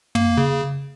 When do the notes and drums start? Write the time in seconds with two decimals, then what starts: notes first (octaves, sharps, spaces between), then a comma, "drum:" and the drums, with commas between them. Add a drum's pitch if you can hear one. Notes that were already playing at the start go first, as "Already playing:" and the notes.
0.15 A#3, drum: tom
0.37 C#3